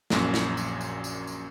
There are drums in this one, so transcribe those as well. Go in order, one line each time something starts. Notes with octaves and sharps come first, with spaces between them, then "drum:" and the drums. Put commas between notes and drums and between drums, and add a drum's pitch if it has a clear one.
A#1 F#2 A#2, drum: snare
drum: snare
drum: tambourine
drum: tambourine
drum: tambourine
drum: tambourine